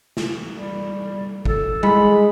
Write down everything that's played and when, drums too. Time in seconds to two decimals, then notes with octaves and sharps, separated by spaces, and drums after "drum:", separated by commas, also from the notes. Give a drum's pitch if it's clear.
0.17 drum: snare
0.49 G3
1.45 A4, drum: kick
1.83 G#3 B5, drum: tom G3